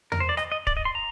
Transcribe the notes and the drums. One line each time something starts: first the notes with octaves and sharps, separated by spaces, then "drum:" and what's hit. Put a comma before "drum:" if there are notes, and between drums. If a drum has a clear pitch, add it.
A#4, drum: tom E2
C5
D5
D#5, drum: rim click
D#5
D5, drum: kick
D#5
C6
A#5